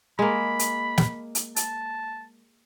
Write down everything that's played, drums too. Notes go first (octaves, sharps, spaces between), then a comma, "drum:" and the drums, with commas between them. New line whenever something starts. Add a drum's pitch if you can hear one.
G#3 A#3 B5
drum: hi-hat
drum: snare
drum: hi-hat
A5, drum: hi-hat